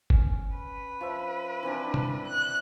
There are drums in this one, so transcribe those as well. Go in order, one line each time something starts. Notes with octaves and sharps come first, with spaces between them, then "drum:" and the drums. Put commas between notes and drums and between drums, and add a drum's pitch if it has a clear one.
C#4, drum: kick G1
B4
F3 C#5 E5
E3 C4 D4
drum: tom
F#6